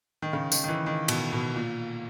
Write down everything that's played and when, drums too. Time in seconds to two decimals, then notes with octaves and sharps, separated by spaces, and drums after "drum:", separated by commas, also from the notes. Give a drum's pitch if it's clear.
0.22 D#3
0.33 C#3
0.52 D#3, drum: tambourine
0.64 D#3
0.69 E3
0.86 D#3
1.08 B2, drum: cymbal
1.33 B2
1.55 A#2